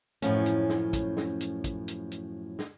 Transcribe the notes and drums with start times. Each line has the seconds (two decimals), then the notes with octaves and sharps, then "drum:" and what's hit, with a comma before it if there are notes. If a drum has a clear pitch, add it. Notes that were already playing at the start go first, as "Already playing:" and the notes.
0.22 F#2 A2 F3 C#4, drum: hi-hat
0.46 drum: hi-hat
0.70 drum: snare
0.93 drum: kick, hi-hat
1.17 drum: snare
1.41 drum: hi-hat
1.64 drum: kick, hi-hat
1.88 drum: hi-hat
2.12 drum: hi-hat
2.59 drum: snare